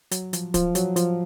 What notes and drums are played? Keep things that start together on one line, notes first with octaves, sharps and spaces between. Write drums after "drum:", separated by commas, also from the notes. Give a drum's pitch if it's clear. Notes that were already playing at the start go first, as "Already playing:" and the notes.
F#3, drum: hi-hat
F3, drum: hi-hat
F3, drum: kick, hi-hat
F#3, drum: hi-hat
F3, drum: hi-hat